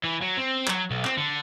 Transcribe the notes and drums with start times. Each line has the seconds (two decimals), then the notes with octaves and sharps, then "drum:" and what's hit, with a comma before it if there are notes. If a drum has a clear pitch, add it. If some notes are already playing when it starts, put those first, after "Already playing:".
0.03 E3
0.22 F#3
0.37 C4
0.67 F#3, drum: clap
0.91 B1
1.05 C4, drum: clap
1.17 D3